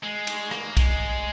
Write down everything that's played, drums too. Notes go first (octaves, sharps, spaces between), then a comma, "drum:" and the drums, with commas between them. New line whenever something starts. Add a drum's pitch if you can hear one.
G#3
drum: cymbal
A#3, drum: rim click
G#3, drum: kick B1, cymbal